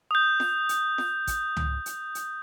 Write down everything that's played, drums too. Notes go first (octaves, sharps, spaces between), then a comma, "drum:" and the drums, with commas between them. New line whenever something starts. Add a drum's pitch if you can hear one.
D#6 G6
drum: snare
drum: hi-hat
drum: snare
drum: kick, hi-hat
drum: tom
drum: hi-hat
drum: hi-hat